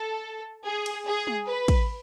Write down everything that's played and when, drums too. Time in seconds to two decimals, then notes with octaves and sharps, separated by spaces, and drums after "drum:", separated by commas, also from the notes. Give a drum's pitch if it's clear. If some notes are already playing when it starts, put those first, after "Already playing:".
Already playing: A4
0.66 G#4
0.86 drum: cymbal
1.07 G#4
1.27 drum: tom
1.47 B4
1.68 drum: kick, cymbal